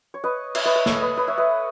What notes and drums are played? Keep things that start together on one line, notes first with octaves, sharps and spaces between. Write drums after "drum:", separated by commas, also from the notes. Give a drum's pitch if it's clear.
C#5
B4 D#5
C#5 E5, drum: cymbal
B4 D#5
B4 D#5
A4 C#5, drum: snare
B4 D#5
B4 D#5
C#5 E5
B4 D#5